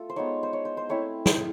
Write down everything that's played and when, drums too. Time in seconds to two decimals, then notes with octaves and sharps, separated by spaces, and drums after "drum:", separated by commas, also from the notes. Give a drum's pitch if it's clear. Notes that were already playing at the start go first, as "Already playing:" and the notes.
Already playing: A3 F4 A4
0.10 C5
0.16 G#3 B3 D#4 C#5
0.43 C5
0.53 C#5
0.65 C5
0.77 C5
0.89 A3 C4 E4 C#5
1.26 drum: snare